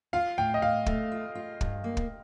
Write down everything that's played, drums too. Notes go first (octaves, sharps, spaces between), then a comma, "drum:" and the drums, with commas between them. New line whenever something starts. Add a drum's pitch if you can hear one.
F4 F5
A2 G5
D#5
A2 F5
A3, drum: kick
F4
F4
G2, drum: kick
A#3
drum: kick